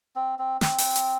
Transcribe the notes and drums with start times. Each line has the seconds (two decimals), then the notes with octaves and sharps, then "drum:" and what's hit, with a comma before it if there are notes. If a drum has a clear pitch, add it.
0.16 C4
0.39 C4
0.61 C4, drum: snare
0.78 drum: open hi-hat
0.96 drum: hi-hat